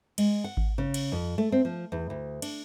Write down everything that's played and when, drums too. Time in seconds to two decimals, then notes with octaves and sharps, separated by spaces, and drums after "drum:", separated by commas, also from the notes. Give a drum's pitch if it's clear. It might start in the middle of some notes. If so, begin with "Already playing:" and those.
0.18 G#3, drum: cymbal
0.44 F#5
0.57 drum: kick G#1
0.78 C#3
0.94 drum: cymbal
1.12 F2
1.38 A3
1.52 C4
1.65 F3
1.92 E2
2.10 D2
2.42 D4, drum: cymbal